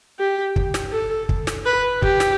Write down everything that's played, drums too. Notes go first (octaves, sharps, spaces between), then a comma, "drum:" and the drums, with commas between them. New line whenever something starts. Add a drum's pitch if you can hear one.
G4
drum: kick
drum: snare
A4
drum: kick
drum: snare
B4
G4, drum: kick
drum: snare